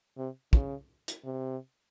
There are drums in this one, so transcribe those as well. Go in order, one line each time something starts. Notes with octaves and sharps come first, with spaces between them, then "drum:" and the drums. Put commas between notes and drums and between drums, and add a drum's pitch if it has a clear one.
C3
C#3, drum: kick
drum: hi-hat
C3